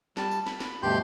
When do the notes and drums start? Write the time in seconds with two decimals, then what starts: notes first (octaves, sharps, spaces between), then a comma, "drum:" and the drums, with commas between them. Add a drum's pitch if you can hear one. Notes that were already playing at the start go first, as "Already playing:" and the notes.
0.17 G3 A5, drum: snare
0.31 drum: tambourine
0.47 B5, drum: snare
0.60 drum: snare
0.83 D2 G2 B2 G4 C6 G6